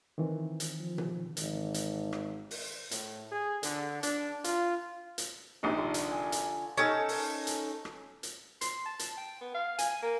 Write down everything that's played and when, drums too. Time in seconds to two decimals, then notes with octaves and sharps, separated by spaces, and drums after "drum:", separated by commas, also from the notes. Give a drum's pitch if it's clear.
0.18 D#3 E3 C4
0.60 drum: hi-hat
0.80 F3
0.98 drum: tom B2
1.37 G#1, drum: hi-hat
1.74 drum: hi-hat
2.13 drum: rim click
2.51 drum: open hi-hat
2.91 A2, drum: hi-hat
3.32 G#4
3.63 D3, drum: hi-hat
4.03 D4, drum: hi-hat
4.44 F4, drum: hi-hat
5.18 drum: hi-hat
5.63 A#1 C3 D#4
5.78 D3 F4 C#6
5.94 drum: hi-hat
6.11 G#5
6.32 drum: hi-hat
6.77 C#4 D#4 A4
7.09 drum: open hi-hat
7.47 drum: hi-hat
7.85 drum: rim click
8.23 drum: hi-hat
8.61 C6, drum: hi-hat
8.86 A5
8.99 drum: hi-hat
9.17 G5
9.41 B3
9.55 F5
9.79 G#5, drum: hi-hat
9.91 G#5
10.03 A#3